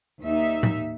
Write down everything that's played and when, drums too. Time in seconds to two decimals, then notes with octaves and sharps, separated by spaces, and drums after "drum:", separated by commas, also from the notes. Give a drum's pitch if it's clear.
0.22 D#2 D#4 E5
0.63 drum: tom A2